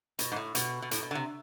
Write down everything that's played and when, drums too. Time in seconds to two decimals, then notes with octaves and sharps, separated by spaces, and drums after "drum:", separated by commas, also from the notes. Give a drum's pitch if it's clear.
0.19 B2, drum: hi-hat
0.32 G#2
0.36 A2
0.55 B2, drum: hi-hat
0.82 B2
0.91 A2, drum: hi-hat
1.03 B2
1.11 D3
1.15 C3